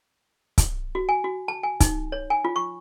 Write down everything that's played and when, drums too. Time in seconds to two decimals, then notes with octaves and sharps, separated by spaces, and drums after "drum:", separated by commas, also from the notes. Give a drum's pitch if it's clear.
0.58 drum: kick C#1, hi-hat
0.95 F#4
1.09 G#5
1.24 F#4
1.48 A5
1.63 G#5
1.80 D#4, drum: kick C#1, hi-hat
2.12 C#5
2.30 G#5
2.45 F4
2.56 C#6